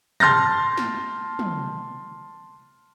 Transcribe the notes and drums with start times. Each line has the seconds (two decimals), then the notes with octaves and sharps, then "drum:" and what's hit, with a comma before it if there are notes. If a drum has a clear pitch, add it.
0.20 A5 C6 F6 G6 A6 A#6, drum: tom
0.77 drum: snare G#3
1.39 drum: tom